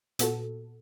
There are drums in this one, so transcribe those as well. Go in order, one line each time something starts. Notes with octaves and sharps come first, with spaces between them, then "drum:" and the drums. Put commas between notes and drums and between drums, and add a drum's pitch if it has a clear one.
A#2 B3 F#4 A4, drum: hi-hat